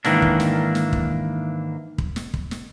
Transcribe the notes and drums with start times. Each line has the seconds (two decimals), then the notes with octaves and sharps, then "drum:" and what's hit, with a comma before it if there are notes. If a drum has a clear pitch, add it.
0.05 G#2 D#3 E3 A#3 D4, drum: snare
0.22 drum: kick
0.40 drum: snare
0.75 drum: snare
0.93 drum: kick
1.98 drum: kick
2.16 drum: snare
2.34 drum: kick
2.51 drum: snare